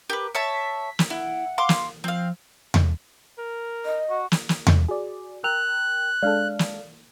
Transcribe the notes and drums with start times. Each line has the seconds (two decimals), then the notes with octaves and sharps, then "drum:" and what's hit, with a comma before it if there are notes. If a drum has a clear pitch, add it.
0.10 G4 A#4 B4
0.35 C#5 E5 A5 B6
0.99 drum: snare
1.10 E4 F#5
1.58 F5 C6 D6
1.69 drum: snare
2.04 F3 C4 F5
2.74 drum: tom E2
3.38 A#4
3.85 D#5
4.10 F#4
4.32 drum: snare
4.49 drum: snare
4.67 drum: tom E2
4.88 F#4 G#4 D5
5.44 A#4 G5 E6 F#6 F7
6.23 G#3 D4 A4 D5 F5 F6
6.59 drum: snare